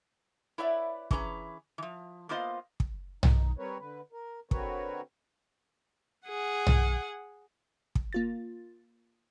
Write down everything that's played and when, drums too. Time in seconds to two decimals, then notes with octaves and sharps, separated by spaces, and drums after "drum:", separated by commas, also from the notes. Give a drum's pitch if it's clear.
0.58 E4 B4 C#5 D5 E5 F#5
1.11 E3 C#4 G#4 B4 A5 A#5, drum: kick
1.78 E3 F3
2.29 A#3 B3 F4 C5 D#5 F5
2.80 drum: kick
3.23 D#4, drum: tom
3.58 G3 C4 A#4 B4 C#5
3.79 D3 B4
4.12 A#4
4.51 D3 C4 F#4 A#4 B4 C#5, drum: kick
6.27 G#4 F#5
6.67 drum: tom
7.95 drum: kick
8.13 A#3 F4 A6